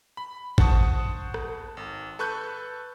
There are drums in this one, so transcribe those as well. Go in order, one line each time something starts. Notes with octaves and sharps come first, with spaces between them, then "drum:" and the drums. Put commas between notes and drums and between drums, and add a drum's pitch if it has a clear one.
B5
C5 F#5 A5 C#6 D#6, drum: kick A1
drum: rim click
G#1
A4 B4 C#6 F#6 G6